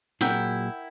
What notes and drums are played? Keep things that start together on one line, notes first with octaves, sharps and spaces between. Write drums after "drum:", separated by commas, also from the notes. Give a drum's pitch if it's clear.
A#2 F#3 E4 G#4 A#4 F#5 G5 G6, drum: snare